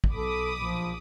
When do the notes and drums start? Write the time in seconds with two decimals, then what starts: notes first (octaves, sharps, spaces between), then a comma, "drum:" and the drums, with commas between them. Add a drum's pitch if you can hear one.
0.04 drum: kick
0.13 B1 A4 B5 D6 D#6
0.57 A#1 F3